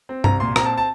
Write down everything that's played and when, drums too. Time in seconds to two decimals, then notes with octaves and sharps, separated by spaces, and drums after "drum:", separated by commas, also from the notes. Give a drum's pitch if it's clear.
0.09 C4
0.24 C2 A#5, drum: tom G2
0.40 A#2 C6
0.56 C4 A#5, drum: rim click
0.65 A5
0.77 A5